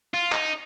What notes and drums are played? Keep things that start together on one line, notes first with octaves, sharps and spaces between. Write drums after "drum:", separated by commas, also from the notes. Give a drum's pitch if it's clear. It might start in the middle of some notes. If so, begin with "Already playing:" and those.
F4
D#4, drum: clap